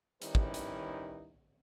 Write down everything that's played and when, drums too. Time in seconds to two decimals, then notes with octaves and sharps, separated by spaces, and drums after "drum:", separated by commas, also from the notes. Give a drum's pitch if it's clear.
0.22 D#3 G3 C#4 D#4 E4 B4, drum: hi-hat
0.35 drum: kick
0.54 drum: hi-hat